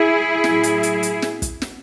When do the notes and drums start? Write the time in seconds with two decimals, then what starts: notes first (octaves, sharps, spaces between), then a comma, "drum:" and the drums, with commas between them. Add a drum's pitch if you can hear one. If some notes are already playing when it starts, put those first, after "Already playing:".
Already playing: E4 G#4
0.44 A2 F#3, drum: snare
0.63 drum: hi-hat
0.83 drum: hi-hat
1.03 drum: hi-hat
1.22 drum: snare
1.42 drum: kick, hi-hat
1.62 drum: snare